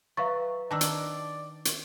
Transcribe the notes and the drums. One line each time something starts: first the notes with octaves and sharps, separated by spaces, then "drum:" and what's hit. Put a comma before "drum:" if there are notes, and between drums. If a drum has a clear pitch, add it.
F#3 B4 E5 F5 A#5 C#6 A6
D#3 D4 D5 A5 E6
drum: hi-hat
drum: hi-hat